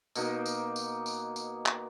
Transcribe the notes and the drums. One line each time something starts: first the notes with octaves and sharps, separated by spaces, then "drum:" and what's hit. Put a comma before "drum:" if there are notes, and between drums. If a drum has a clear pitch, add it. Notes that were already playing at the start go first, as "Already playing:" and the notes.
B2 A#3 D#4, drum: tambourine
drum: tambourine
drum: tambourine
drum: tambourine
drum: tambourine
drum: clap